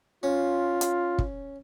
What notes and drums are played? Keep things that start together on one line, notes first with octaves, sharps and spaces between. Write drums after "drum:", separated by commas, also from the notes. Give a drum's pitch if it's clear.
C#4 F4
drum: hi-hat
drum: kick